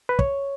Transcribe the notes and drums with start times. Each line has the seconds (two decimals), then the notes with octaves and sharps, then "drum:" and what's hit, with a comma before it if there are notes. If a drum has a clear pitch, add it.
0.09 B4
0.19 C#5, drum: kick